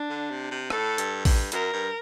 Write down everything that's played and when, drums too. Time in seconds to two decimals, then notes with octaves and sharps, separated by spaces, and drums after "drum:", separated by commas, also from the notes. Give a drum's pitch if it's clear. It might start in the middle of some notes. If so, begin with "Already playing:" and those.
Already playing: D4
0.10 D3
0.30 C3
0.51 C3
0.70 A2 A4, drum: rim click
0.98 G2, drum: hi-hat
1.25 G2, drum: kick A1, open hi-hat
1.52 F#2 A#4, drum: hi-hat
1.73 G2